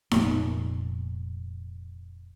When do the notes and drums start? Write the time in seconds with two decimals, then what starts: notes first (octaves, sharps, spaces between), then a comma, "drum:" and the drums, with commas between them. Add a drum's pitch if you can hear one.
0.11 F1 A#2 F3 B3, drum: snare D#4